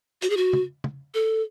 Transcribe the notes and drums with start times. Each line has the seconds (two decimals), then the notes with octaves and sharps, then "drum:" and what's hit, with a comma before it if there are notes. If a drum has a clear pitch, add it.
0.22 F#4, drum: hi-hat
0.30 G#4
0.37 F#4
0.53 drum: tom
0.84 drum: tom
1.14 A4